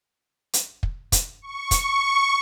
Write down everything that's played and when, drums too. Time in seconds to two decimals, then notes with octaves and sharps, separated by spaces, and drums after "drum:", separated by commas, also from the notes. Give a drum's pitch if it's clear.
0.53 drum: hi-hat
0.83 drum: kick
1.12 drum: kick, hi-hat
1.42 C#6
1.71 drum: kick, hi-hat